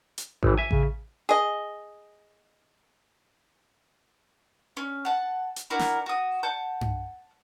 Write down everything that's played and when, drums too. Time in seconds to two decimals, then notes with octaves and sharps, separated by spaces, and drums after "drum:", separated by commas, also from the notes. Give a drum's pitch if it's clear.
0.18 drum: hi-hat
0.43 G#1 E3, drum: kick A1
0.58 E5 G#5
0.71 C#3, drum: kick A1
1.29 G#4 D#5
4.77 C#4
5.05 F#5 A5
5.56 drum: hi-hat
5.70 D4 E4 F#4 A#4
5.79 drum: snare
6.06 F#4 D#6
6.43 F#5 A5 G6
6.81 drum: tom G2